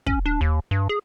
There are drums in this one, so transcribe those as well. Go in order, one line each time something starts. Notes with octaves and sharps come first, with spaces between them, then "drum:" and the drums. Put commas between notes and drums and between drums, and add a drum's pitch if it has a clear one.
C#4, drum: kick
D4
D#2
G2
G#4